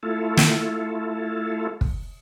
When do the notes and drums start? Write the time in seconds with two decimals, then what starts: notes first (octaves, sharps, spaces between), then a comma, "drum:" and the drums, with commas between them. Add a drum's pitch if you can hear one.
0.03 A3 E4 F4 A4
0.37 drum: snare
1.81 drum: kick